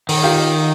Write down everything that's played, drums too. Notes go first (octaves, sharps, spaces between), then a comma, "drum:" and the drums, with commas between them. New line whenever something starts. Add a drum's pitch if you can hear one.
D#3, drum: open hi-hat
F4 G4